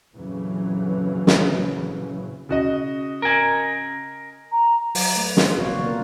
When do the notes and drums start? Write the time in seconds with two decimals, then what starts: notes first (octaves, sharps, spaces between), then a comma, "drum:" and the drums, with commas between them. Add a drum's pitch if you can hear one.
0.15 F2 A#2 C#3 E3 F#3
1.27 drum: snare
2.49 C#3 F#4 D#5
3.22 A#4 G#5
4.52 A#5
4.95 F#3, drum: open hi-hat
5.16 A3 B4
5.37 C5, drum: snare
5.59 B2 D3 C4 F#4 C#5 F5
5.70 D3 G3 A#3 A#4 D5
5.83 C#3 A#3 F4 A#4